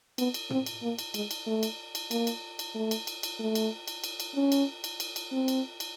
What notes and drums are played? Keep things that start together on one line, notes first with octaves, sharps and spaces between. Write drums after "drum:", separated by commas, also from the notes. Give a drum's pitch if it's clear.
B3, drum: cymbal
drum: cymbal
C4, drum: tom
drum: cymbal
A#3
drum: cymbal
G#3, drum: cymbal
drum: cymbal
A3
drum: cymbal
drum: cymbal
A#3, drum: cymbal
drum: cymbal
drum: cymbal
A3
drum: cymbal
drum: cymbal
drum: cymbal
A3
drum: cymbal
drum: cymbal
drum: cymbal
drum: cymbal
C#4
drum: cymbal
drum: cymbal
drum: cymbal
drum: cymbal
C4
drum: cymbal
drum: cymbal